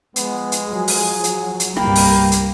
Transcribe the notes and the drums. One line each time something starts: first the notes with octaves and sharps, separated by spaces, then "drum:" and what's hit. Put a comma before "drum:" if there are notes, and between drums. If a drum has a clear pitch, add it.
F3 G#3 B3, drum: hi-hat
drum: hi-hat
F3 F#3 G#4
drum: open hi-hat
drum: hi-hat
drum: hi-hat
G1 C2 G2 G3 A#3 G5 B5, drum: rim click
drum: open hi-hat
drum: hi-hat